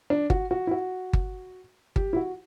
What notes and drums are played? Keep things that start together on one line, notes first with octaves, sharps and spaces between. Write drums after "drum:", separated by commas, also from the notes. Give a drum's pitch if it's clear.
D4
F#4, drum: kick G1
F#4
E4
F#4
drum: kick G1
G4, drum: kick G1
E4
F#4